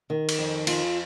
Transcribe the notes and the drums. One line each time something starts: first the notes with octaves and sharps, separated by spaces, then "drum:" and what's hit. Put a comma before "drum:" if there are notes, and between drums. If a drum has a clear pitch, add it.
D#3
drum: cymbal
F2
F4, drum: cymbal